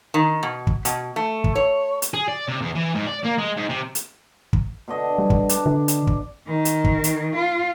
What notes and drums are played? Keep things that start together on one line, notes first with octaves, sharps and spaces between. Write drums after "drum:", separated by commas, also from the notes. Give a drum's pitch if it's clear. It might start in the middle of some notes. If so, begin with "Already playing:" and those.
D#3
B2
drum: kick
B2, drum: hi-hat
A3
drum: kick
C#5
drum: hi-hat
G#4
D5
C3
E2
E3
G#2
D5
A#3
G#3
G#2
C3
drum: hi-hat
drum: kick
B2 D3 D#5
G3
drum: kick
D4, drum: hi-hat
D3
drum: hi-hat
drum: kick
D#3
drum: hi-hat
drum: kick
drum: hi-hat
F4